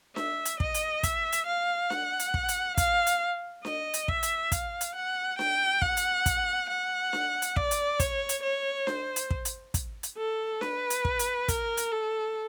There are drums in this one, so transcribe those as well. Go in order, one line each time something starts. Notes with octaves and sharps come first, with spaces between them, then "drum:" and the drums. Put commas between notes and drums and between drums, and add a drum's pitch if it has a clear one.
E5, drum: snare D4
drum: hi-hat
D#5, drum: kick
drum: hi-hat
E5, drum: kick, hi-hat
drum: hi-hat
F5
F#5, drum: snare D4
drum: hi-hat
drum: kick
drum: hi-hat
F5, drum: kick, hi-hat
drum: hi-hat
D#5, drum: snare D4
drum: hi-hat
E5, drum: kick
drum: hi-hat
F5, drum: kick, hi-hat
drum: hi-hat
F#5
G5, drum: snare D4
F#5, drum: kick
drum: hi-hat
drum: kick, hi-hat
F#5
drum: snare D4
drum: hi-hat
D5, drum: kick
drum: hi-hat
C#5, drum: kick, hi-hat
drum: hi-hat
C#5
C5, drum: snare D4
drum: hi-hat
drum: kick
drum: hi-hat
drum: kick, hi-hat
drum: hi-hat
A4
B4, drum: snare D4
drum: hi-hat
drum: kick
drum: hi-hat
A#4, drum: kick, hi-hat
drum: hi-hat
A4